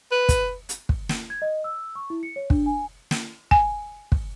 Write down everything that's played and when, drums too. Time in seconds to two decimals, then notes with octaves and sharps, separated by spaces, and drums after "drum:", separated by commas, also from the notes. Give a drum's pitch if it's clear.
0.12 B4
0.29 drum: kick, hi-hat
0.69 drum: hi-hat
0.89 drum: kick
1.09 drum: snare
1.30 G#6
1.42 D#5
1.64 E6
1.95 C#6
2.10 E4
2.23 C#7
2.36 C#5
2.50 D4, drum: kick
2.66 G#5
3.11 drum: snare
3.51 G#5, drum: kick
4.12 drum: kick